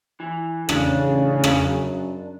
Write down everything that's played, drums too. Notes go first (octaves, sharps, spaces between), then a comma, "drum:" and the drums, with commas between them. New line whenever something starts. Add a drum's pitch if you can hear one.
E3
A1 C#3 D4, drum: rim click
drum: rim click
F#2